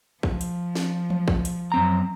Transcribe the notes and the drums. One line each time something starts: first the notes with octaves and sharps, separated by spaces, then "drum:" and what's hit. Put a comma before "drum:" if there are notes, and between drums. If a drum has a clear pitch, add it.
F3, drum: kick
drum: hi-hat
drum: snare
drum: tom E3
drum: kick
drum: hi-hat
F#2 C4 A#5